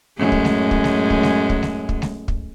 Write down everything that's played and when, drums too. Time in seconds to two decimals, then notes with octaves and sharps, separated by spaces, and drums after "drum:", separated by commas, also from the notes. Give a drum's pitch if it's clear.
0.19 F#2 A2 G#3
0.32 drum: kick
0.45 drum: snare G#3
0.71 drum: kick
0.84 drum: snare G#3
1.10 drum: kick
1.23 drum: snare G#3
1.49 drum: kick
1.63 drum: snare G#3
1.89 drum: kick
2.02 drum: snare G#3
2.28 drum: kick